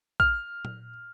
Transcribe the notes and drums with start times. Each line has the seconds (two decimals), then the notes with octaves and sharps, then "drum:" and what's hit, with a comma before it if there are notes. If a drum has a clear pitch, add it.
0.20 F6, drum: kick
0.65 drum: tom A#2